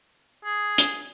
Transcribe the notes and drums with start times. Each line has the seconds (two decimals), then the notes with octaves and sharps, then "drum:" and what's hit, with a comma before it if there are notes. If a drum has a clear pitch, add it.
0.45 G#4
0.78 drum: hi-hat